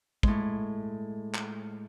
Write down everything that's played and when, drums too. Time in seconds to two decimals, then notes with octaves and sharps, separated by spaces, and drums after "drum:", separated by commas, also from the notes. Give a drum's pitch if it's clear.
0.23 A2 G#3, drum: kick
1.35 drum: clap